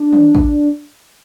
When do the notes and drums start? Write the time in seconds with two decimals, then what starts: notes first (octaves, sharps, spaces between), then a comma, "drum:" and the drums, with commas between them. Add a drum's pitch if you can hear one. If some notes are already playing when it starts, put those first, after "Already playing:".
Already playing: D4
0.13 drum: tom D#3
0.35 drum: kick